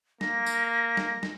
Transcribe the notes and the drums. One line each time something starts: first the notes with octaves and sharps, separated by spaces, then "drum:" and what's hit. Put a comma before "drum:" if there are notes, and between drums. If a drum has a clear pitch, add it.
A#3 A#6, drum: snare
drum: tambourine
drum: snare
drum: snare